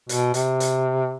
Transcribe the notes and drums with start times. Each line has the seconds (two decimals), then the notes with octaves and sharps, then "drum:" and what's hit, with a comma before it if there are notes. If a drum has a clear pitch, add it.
0.09 B2, drum: hi-hat
0.34 C3, drum: hi-hat
0.60 drum: hi-hat